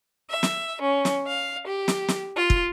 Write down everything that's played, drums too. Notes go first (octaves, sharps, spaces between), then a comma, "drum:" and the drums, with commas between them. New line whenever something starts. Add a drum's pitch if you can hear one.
E5
drum: snare
C#4
drum: snare
F5
G4
drum: snare
drum: snare
F4
drum: kick